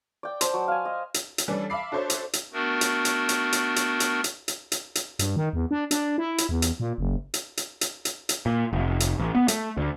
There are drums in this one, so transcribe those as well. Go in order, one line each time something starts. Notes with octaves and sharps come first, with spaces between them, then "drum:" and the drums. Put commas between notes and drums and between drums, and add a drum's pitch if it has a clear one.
D5 G5
C5 A5, drum: hi-hat
F#3
F5 G#5
D#5
drum: hi-hat
drum: hi-hat
E3 G3 C#4 D4 A4 B4
E5 F5 A5 B5 D6 C7
D4 F#4 A4 C5 C#5 E5
drum: hi-hat
drum: hi-hat
A3 B3 D4 F#4 A#4
drum: hi-hat
drum: hi-hat
drum: hi-hat
drum: hi-hat
drum: hi-hat
drum: hi-hat
drum: hi-hat
drum: hi-hat
drum: hi-hat
drum: hi-hat
G2, drum: hi-hat
D#3
E2
D4
D4, drum: hi-hat
E4
drum: hi-hat
E2
drum: hi-hat
A#2
F#1
drum: hi-hat
drum: hi-hat
drum: hi-hat
drum: hi-hat
drum: hi-hat
A#2
F1
drum: hi-hat
A1
B3
A3, drum: hi-hat
D2